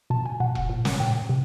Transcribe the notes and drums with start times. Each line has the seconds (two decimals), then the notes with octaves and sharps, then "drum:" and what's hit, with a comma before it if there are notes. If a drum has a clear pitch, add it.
0.10 B2 A5
0.26 G#5
0.40 B2 F#5
0.55 drum: kick E1
0.70 A#2
0.85 drum: snare
1.00 A#2 G5
1.29 C3